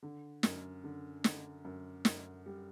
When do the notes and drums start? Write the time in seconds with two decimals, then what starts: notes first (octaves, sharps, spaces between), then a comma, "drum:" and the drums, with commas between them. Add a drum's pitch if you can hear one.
0.03 D3
0.43 F#2, drum: snare
0.84 D3
1.24 D3, drum: snare
1.65 F#2
2.05 F#2, drum: snare
2.46 G3